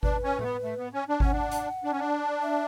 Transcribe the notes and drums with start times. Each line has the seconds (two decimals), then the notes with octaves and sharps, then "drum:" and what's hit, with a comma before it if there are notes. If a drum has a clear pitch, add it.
0.03 D4 B4, drum: kick G#1
0.24 C#4
0.39 A3, drum: tom A2
0.43 B3
0.64 A3
0.78 B3
0.94 C#4
1.09 D4
1.20 C#4 F#5, drum: kick G#1
1.32 D4
1.51 drum: hi-hat
1.84 D4
1.92 C#4
1.99 D4
2.43 E5